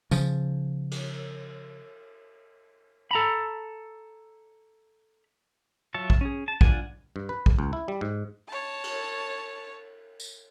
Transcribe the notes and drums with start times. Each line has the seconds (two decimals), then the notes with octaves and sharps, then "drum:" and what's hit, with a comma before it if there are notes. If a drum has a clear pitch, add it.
0.11 C#3 F3, drum: tambourine
0.91 drum: cymbal
3.11 A4 A#5 B5
5.94 F#3 F4 C#5 E5 A5
6.10 drum: kick A#1
6.21 C#4 G#4
6.48 A5
6.61 D4 F4 D5 F#5 G#5, drum: kick A#1
7.16 G2
7.29 B4
7.46 drum: kick A#1
7.59 C#2
7.73 E4
7.88 G3
8.01 G#2
8.48 C#5 A5
8.84 drum: cymbal
10.20 drum: tambourine